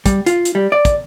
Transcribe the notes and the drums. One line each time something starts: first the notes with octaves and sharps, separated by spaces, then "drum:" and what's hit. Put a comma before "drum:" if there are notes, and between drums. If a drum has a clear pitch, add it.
G3, drum: kick, hi-hat
F4, drum: hi-hat
drum: hi-hat
G3
D5
drum: kick, hi-hat